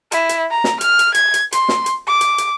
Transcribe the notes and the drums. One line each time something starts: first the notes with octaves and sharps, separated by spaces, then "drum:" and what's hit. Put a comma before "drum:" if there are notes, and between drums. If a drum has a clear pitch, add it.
E4, drum: hi-hat
drum: hi-hat
A#5
drum: snare
F6, drum: hi-hat
drum: hi-hat
G#6, drum: hi-hat
drum: hi-hat
C6, drum: hi-hat
drum: snare
drum: hi-hat
D6
drum: hi-hat
drum: hi-hat